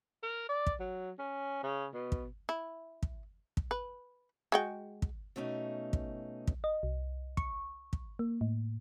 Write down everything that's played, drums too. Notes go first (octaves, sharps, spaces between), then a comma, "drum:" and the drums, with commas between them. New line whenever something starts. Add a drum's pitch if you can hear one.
A#4
D5
drum: kick
F#3
C#4
C#3
B2
drum: kick
E4
drum: kick
drum: kick
B4
G#3 F#4 G5
drum: kick
B2 A3 C#4 D#4
drum: kick
drum: kick
D#5
C2
C#6, drum: kick
drum: kick
A#3
A2